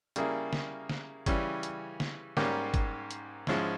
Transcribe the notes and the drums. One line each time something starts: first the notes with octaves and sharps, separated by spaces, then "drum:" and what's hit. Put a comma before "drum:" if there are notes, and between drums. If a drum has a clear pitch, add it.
C#3 G3 A#3 E4 G#4, drum: hi-hat
drum: snare
drum: snare
C#3 E3 G3 C#4, drum: kick, hi-hat
drum: hi-hat
drum: snare
G#2 G3 A#3 C#4 G4, drum: snare
drum: kick, hi-hat
drum: hi-hat
G#2 F3 G#3 C#4 E4, drum: snare